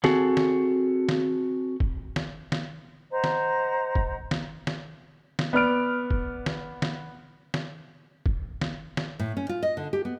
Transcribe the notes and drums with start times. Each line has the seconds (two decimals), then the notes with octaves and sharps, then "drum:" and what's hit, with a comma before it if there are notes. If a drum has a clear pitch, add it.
0.04 C4 F#4 G#4 A4 G#5 A5, drum: snare
0.37 drum: snare
1.09 drum: snare
1.80 drum: kick
2.16 drum: snare
2.52 drum: snare
3.11 C5 D#5 F#5 A#5
3.24 drum: snare
3.95 drum: kick
4.31 drum: snare
4.67 drum: snare
5.39 drum: snare
5.53 B3 D5 F6 D7
6.11 drum: kick
6.46 drum: snare
6.82 drum: snare
7.54 drum: snare
8.26 drum: kick
8.61 drum: snare
8.97 drum: snare
9.19 A2
9.37 C#4
9.49 F4
9.63 D#5
9.77 D3
9.93 G4
10.05 B3